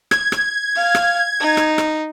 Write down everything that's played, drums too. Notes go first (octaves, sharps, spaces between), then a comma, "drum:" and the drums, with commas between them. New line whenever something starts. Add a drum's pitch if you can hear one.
G#6, drum: rim click
drum: rim click
F5
drum: rim click
D#4
drum: rim click
drum: rim click